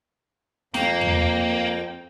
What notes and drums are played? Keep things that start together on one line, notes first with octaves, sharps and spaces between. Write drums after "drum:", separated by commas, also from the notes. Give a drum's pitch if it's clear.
F2 A#3 G5, drum: snare
drum: tom E2